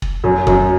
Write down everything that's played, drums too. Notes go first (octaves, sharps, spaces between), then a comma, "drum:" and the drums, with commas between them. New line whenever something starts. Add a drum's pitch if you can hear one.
drum: kick
F#2
F#2, drum: kick